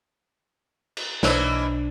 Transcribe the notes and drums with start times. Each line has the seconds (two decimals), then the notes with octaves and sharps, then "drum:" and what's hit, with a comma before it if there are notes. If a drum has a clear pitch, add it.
0.97 drum: cymbal
1.23 B1 E3 A#3 D4 D#4 A#4 C5 C#5, drum: snare